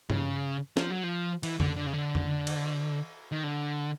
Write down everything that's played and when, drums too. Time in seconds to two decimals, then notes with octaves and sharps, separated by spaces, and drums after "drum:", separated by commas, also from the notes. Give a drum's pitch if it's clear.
0.10 C#3, drum: tom G2
0.77 F3, drum: snare
0.90 F#3
1.04 F3
1.43 E3, drum: cymbal
1.60 D3, drum: tom
1.76 D3
1.87 C#3
1.93 D3
2.15 drum: tom
2.47 drum: cymbal
3.32 D#3
3.44 D3